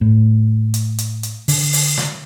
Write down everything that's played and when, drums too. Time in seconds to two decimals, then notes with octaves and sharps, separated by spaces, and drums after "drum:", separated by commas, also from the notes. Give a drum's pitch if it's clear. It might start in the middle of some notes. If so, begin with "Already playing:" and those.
0.01 A2
0.74 drum: hi-hat
0.98 drum: hi-hat
1.23 drum: hi-hat
1.48 D3, drum: open hi-hat
1.73 drum: open hi-hat
1.97 drum: snare